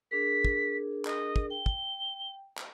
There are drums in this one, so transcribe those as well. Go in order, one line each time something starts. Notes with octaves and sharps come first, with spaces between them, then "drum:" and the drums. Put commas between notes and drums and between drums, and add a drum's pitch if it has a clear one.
D4 G#4 A#4 B6
drum: kick
D#5, drum: clap
drum: kick
G5 G7
drum: kick
drum: clap